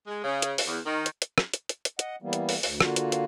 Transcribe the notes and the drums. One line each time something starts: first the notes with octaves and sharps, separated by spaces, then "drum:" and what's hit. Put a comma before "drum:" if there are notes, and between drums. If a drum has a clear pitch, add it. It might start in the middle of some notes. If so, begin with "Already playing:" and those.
G#3
C#3
drum: hi-hat
drum: open hi-hat
E2
D#3
drum: hi-hat
drum: hi-hat
drum: rim click
drum: hi-hat
drum: hi-hat
drum: hi-hat
D#5 F#5, drum: hi-hat
E3 G3 A#3 B3
drum: hi-hat
drum: open hi-hat
D2, drum: open hi-hat
D3 A#3 F4 F#4, drum: rim click
drum: hi-hat
drum: hi-hat